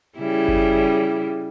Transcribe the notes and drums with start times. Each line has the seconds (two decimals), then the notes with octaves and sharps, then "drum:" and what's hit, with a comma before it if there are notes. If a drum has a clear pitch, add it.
0.18 C#3 G3 E4
0.48 drum: kick F#1